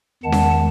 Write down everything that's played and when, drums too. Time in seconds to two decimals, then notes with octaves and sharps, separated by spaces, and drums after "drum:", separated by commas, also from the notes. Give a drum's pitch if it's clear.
0.23 E2 D#3 G#3 F#5 A5
0.32 drum: snare C#4